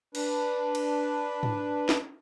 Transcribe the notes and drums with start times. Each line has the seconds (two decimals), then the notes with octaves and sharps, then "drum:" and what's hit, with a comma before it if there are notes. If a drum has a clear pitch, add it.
0.15 D4 B4, drum: cymbal
0.75 drum: cymbal
1.43 drum: tom G#2
1.89 drum: snare